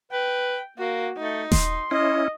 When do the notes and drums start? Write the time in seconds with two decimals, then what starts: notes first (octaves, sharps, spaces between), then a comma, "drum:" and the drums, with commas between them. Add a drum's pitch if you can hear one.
0.12 B4 G5
0.78 A#3 F#4
1.17 A3 D#4
1.52 C6, drum: snare D#1
1.91 C#4 E4 D#5